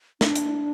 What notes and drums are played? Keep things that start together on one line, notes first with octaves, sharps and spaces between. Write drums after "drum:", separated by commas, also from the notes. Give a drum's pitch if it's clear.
D4, drum: snare
drum: hi-hat